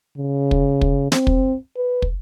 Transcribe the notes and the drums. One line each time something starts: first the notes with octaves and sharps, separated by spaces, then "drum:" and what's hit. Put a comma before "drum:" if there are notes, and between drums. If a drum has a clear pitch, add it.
C#3
drum: kick
drum: kick
C4, drum: snare
drum: kick
B4
drum: kick